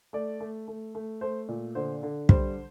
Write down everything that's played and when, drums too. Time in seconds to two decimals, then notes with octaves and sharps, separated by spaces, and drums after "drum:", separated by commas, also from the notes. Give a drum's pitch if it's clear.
0.13 A3 D5
0.40 A3
0.68 A3
0.95 A3
1.21 A3 C5
1.48 A#2
1.75 D3 C5
2.03 D3
2.29 G3 C5, drum: kick